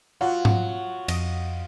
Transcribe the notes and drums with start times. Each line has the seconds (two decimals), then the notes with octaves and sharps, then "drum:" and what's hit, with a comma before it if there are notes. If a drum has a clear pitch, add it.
0.21 F#3 F4 F#5
0.45 drum: tom G#2
1.08 F2 D#5, drum: cymbal